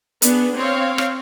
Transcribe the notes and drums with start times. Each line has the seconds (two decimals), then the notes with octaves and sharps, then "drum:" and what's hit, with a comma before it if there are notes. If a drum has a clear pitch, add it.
0.22 B3 D4 G#4, drum: hi-hat
0.56 C4 C#5 F5
0.98 drum: rim click